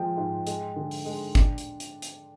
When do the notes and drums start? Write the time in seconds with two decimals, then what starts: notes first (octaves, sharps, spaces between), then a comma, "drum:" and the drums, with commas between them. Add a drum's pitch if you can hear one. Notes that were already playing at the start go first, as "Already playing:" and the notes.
Already playing: F3 G#3 G5
0.17 G#2
0.47 G#3, drum: hi-hat
0.76 D3
0.91 drum: open hi-hat
1.05 G#3
1.35 D4, drum: kick, hi-hat
1.58 drum: hi-hat
1.80 drum: hi-hat
2.02 drum: hi-hat